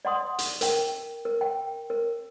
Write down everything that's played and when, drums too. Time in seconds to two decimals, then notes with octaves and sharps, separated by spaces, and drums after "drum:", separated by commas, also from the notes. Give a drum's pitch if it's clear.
0.05 D5 F#5 C6 D#6
0.39 drum: hi-hat
0.61 A#4 G5, drum: hi-hat
1.25 A#4
1.41 G5
1.90 A#4